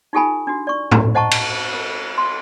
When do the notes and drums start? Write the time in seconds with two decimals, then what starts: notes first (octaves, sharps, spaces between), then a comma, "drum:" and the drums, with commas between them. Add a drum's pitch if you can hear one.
0.13 D#4 F4 G4 A4 G#5 B5
0.47 D4 F#4
0.67 D5 C#6
0.92 drum: tom A2
1.15 C5 D#5 F#5 A5 A#5 C#6
1.31 drum: cymbal
1.73 A#4
2.18 C6